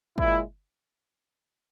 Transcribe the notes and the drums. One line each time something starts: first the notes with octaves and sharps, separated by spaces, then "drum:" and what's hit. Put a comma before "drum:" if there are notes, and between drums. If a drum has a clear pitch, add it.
A#2 G#3 E4, drum: kick